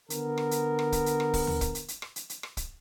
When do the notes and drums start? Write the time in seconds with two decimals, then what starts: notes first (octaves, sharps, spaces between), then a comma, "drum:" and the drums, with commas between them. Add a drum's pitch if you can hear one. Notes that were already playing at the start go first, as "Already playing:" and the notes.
0.10 D3 B3 A#4, drum: hi-hat
0.38 drum: rim click
0.51 drum: hi-hat
0.79 drum: rim click
0.92 drum: kick, hi-hat
1.06 drum: hi-hat
1.20 drum: rim click
1.34 drum: kick, open hi-hat
1.47 drum: tom D2
1.61 drum: kick, hi-hat
1.75 drum: hi-hat
1.88 drum: hi-hat
2.02 drum: rim click
2.16 drum: hi-hat
2.29 drum: hi-hat
2.43 drum: rim click
2.57 drum: kick, hi-hat